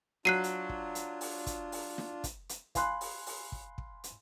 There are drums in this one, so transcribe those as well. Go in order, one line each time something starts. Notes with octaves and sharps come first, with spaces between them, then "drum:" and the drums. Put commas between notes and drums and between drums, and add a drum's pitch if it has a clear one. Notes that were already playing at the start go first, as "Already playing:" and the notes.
F#3 D4 F4 F#6 C7 D#7
drum: hi-hat
drum: kick
drum: hi-hat
drum: open hi-hat
drum: kick, hi-hat
drum: open hi-hat
drum: snare
drum: kick, hi-hat
drum: hi-hat
F5 G#5 B5 C6 F#6, drum: kick, hi-hat
drum: open hi-hat
drum: open hi-hat
drum: kick
drum: kick
drum: hi-hat